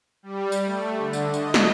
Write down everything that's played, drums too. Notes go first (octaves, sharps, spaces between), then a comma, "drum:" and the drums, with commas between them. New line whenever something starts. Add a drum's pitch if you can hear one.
G3
drum: tambourine
A3
D3
drum: tambourine
D#5, drum: tambourine
drum: snare